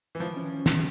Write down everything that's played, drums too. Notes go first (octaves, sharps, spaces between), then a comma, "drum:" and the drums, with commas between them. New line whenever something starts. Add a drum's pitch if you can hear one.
E3
D#3 F3
C#4
drum: snare